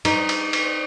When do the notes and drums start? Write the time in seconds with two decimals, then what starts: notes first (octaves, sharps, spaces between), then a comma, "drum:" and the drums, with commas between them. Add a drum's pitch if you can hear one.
0.05 D#4, drum: cymbal
0.29 drum: cymbal
0.53 drum: cymbal